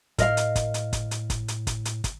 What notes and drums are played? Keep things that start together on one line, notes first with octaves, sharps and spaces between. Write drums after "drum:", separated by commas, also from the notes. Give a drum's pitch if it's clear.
A2 A#4 D#5 F5, drum: kick, hi-hat
drum: hi-hat
drum: kick, hi-hat
drum: hi-hat
drum: kick, hi-hat
drum: hi-hat
drum: kick, hi-hat
drum: hi-hat
drum: kick, hi-hat
drum: hi-hat
drum: kick, hi-hat